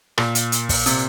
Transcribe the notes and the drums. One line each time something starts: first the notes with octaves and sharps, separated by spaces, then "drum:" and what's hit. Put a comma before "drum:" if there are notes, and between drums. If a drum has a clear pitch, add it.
A#2, drum: rim click
drum: hi-hat
drum: hi-hat
drum: kick, open hi-hat
C3, drum: hi-hat